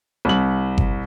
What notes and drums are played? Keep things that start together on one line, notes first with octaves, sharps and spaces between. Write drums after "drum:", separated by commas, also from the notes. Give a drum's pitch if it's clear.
C2 F#7
drum: kick G1